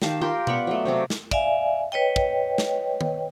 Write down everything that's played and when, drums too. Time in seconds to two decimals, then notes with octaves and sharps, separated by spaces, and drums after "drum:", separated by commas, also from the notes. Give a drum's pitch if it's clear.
0.02 D#3 G4 F5 A5, drum: snare
0.21 F4 G4 A#4 C6
0.47 B3 D5 B5 C#6, drum: tom B2
0.67 F#3 A3
0.85 C3 F#3 G4 F5
1.10 drum: snare
1.31 D5 E5 F5 G#5, drum: kick
1.92 B4 C#5 D#5 G5
2.16 drum: kick
2.58 drum: snare
3.01 drum: tom D#3